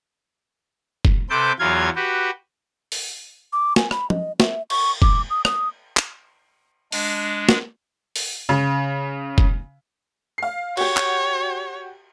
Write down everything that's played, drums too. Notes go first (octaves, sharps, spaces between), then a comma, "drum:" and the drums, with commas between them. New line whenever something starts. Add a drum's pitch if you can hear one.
drum: kick F1
C3 A4 B4 C5 D6 G6
E2 E3 F#3 F4 F5 G#6
F#4 G4 B4
drum: open hi-hat
D6
G#5, drum: snare
B5, drum: rim click
D#5, drum: tom F3
E5, drum: snare
C#6, drum: cymbal
D6, drum: kick F1
D#6
D#6, drum: rim click
drum: clap
G#3 D4, drum: open hi-hat
drum: snare
drum: open hi-hat
C#3
drum: kick F1
F5 C7
F#4 G4 C#5, drum: cymbal
drum: clap